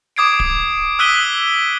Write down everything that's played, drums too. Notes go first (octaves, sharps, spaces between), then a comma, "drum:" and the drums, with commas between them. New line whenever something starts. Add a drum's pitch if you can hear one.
D6 D#6 G#6 C7 D7
drum: kick D1
D#6 E6 F#6 B6 D#7 G7